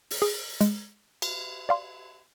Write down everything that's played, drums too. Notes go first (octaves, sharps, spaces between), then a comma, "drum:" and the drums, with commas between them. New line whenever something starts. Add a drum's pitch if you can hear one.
drum: open hi-hat
G#4
G#3, drum: hi-hat
drum: cymbal
D5 F5 C6